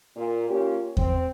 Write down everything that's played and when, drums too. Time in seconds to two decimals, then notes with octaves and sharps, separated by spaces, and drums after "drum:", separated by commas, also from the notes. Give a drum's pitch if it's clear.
0.17 A#2
0.50 A#3 C#4 F4 G4
0.97 C4, drum: kick E2